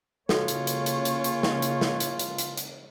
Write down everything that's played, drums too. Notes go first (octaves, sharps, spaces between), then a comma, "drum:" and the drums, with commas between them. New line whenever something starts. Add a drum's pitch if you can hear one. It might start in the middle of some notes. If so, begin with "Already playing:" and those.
C#3 A#3 F4 F#4 A4 C#5, drum: snare
drum: hi-hat
drum: hi-hat
drum: hi-hat
drum: hi-hat
drum: hi-hat
drum: snare
drum: hi-hat
drum: snare
drum: hi-hat
drum: hi-hat
drum: hi-hat
drum: hi-hat